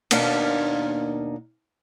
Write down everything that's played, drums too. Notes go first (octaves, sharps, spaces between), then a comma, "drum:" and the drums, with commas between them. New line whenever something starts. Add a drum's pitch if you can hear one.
D#2 B2 A#3 D4 D#4 F5, drum: cymbal